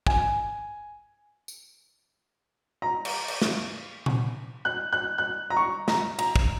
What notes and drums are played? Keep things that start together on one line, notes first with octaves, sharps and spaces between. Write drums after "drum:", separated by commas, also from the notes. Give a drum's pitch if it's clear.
G#5, drum: kick
drum: tambourine
A#5
drum: cymbal
drum: cymbal
drum: snare
drum: tom A#2
F#6
F#6
F#6
A#5
C#6
A#5, drum: snare
A#5, drum: cymbal
drum: kick